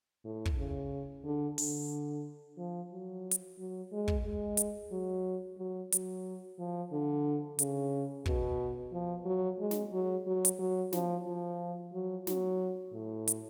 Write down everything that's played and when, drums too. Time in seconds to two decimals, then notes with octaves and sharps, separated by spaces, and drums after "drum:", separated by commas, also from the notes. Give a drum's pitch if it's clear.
0.25 A2
0.45 drum: kick
0.57 C#3
1.24 D3
1.58 D3, drum: open hi-hat
2.58 F3
2.91 F#3
3.31 drum: hi-hat
3.58 F#3
3.92 G#3
4.08 drum: kick
4.25 G#3
4.57 drum: hi-hat
4.91 F#3
5.58 F#3
5.92 F#3, drum: hi-hat
6.59 F3
6.92 D3
7.59 C#3, drum: hi-hat
8.26 B2, drum: kick
8.92 F3
9.25 F#3
9.60 G#3
9.71 drum: snare
9.92 F#3
10.26 F#3
10.45 drum: hi-hat
10.59 F#3
10.93 F3, drum: snare
11.26 F3
11.93 F#3
12.27 F#3, drum: snare
12.93 A2
13.28 drum: hi-hat